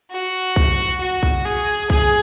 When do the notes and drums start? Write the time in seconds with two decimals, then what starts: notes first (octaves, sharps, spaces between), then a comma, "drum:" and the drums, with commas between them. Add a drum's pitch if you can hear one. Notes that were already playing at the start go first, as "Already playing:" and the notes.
0.11 F#4
0.56 drum: kick
1.01 F#4
1.23 drum: kick
1.45 G#4
1.90 G#4, drum: kick